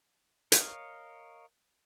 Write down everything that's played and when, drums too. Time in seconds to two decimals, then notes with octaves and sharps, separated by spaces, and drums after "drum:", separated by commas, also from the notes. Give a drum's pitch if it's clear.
0.52 A#4 C#5 D#5 F5, drum: hi-hat